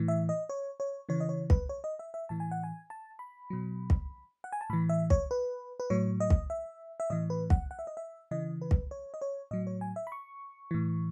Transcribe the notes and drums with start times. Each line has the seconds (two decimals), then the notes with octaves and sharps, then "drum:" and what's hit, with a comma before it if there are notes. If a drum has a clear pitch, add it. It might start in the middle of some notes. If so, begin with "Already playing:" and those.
Already playing: A2 E3
0.08 E5
0.29 D#5
0.49 C#5
0.80 C#5
1.09 C#3 E3 C#5
1.20 D#5
1.29 C#5
1.50 B4, drum: kick
1.69 C#5
1.84 D#5
1.99 E5
2.14 E5
2.29 A2 E3 A5
2.40 G#5
2.51 F#5
2.64 G#5
2.90 A5
3.19 B5
3.50 B2 F#3
3.90 drum: kick
4.44 F#5
4.52 G#5
4.61 A5
4.70 A2 E3 B5
4.89 E5
5.10 C#5, drum: kick
5.31 B4
5.80 B4
5.90 A2 F#3 C#5
6.20 D#5
6.30 drum: kick
6.50 E5
7.00 E5
7.10 A2 E3 D#5
7.30 B4
7.50 F#5, drum: kick
7.71 F#5
7.79 E5
7.87 D#5
7.97 E5
8.31 C#3 E3 D#5
8.62 B4
8.71 drum: kick
8.91 C#5
9.14 D#5
9.21 C#5
9.51 A2 F#3 D#5
9.67 C#5
9.81 G#5
9.96 E5
10.07 B5
10.12 C#6
10.71 A2 E3